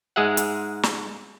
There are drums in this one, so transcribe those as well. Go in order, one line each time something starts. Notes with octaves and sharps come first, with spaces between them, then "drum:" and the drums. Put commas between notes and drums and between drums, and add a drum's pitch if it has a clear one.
G#2 G#3 G#4 E5 F#5
drum: hi-hat
drum: snare